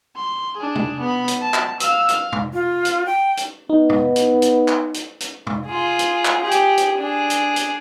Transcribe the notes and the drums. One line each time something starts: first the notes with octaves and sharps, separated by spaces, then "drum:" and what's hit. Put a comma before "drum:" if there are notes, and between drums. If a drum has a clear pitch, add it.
C6
D4 G#4
drum: tom
B3 B5
drum: hi-hat
A5
drum: clap
F5 E6, drum: hi-hat
F5, drum: hi-hat
drum: tom
F4
drum: hi-hat
G5
drum: hi-hat
B3 D#4
drum: tom
drum: hi-hat
drum: hi-hat
drum: clap
drum: hi-hat
drum: hi-hat
drum: tom
F4 G#4
drum: hi-hat
drum: clap
G4 G#4
drum: hi-hat
drum: hi-hat
D4 G#4
drum: hi-hat
drum: hi-hat